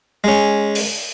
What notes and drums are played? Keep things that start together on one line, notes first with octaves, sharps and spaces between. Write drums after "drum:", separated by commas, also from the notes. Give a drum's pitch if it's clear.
G#3 C#4
drum: open hi-hat